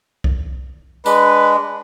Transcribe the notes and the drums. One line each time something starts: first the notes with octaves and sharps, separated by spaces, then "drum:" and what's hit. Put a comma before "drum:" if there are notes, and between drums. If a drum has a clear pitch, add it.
drum: kick B1
G#3 D4 B4, drum: tambourine